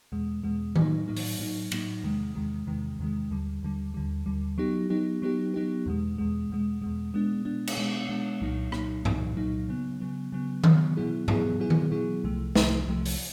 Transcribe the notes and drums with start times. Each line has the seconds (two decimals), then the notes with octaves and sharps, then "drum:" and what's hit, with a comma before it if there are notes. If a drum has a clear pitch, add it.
0.12 E2 B2 G#3
0.43 E2 B2 G#3
0.76 A2 F#3 A#3 D#4, drum: tom D#3
1.08 A2 F#3 A#3 D#4
1.17 drum: open hi-hat
1.39 A2 F#3 A#3 D#4
1.72 A2 F#3 A#3 D#4, drum: cymbal
2.03 E2 C3 D#3 G#3
2.35 E2 C3 D#3 G#3
2.67 E2 C3 D#3 G#3
2.99 E2 C3 D#3 G#3
3.31 D#2 D3 G3
3.63 D#2 D3 G3
3.94 D#2 D3 G3
4.26 D#2 D3 G3
4.58 F#3 B3 D#4 G4
4.90 F#3 B3 D#4 G4
5.22 F#3 B3 D#4 G4
5.54 F#3 B3 D#4 G4
5.86 E2 B2 G#3
6.18 E2 B2 G#3
6.50 E2 B2 G#3
6.82 E2 B2 G#3
7.13 B2 G#3 B3 D4
7.45 B2 G#3 B3 D4
7.67 drum: cymbal
7.77 B2 G#3 B3 D4
8.09 B2 G#3 B3 D4
8.41 C2 A#2 F#3 A#3 D#4
8.72 C2 A#2 F#3 A#3 D#4, drum: rim click
9.05 C2 A#2 F#3 A#3 D#4, drum: tom G2
9.37 C2 A#2 F#3 A#3 D#4
9.69 C#3 F#3 B3
10.00 C#3 F#3 B3
10.32 C#3 F#3 B3
10.64 C#3 F#3 B3, drum: tom D#3
10.97 B2 F#3 B3 E4 G#4
11.28 B2 F#3 B3 E4 G#4, drum: tom G2
11.59 B2 F#3 B3 E4 G#4
11.70 drum: tom D#3
11.91 B2 F#3 B3 E4 G#4
12.24 C2 C3 F3 A3
12.55 C2 C3 F3 A3, drum: snare
12.88 C2 C3 F3 A3
13.06 drum: open hi-hat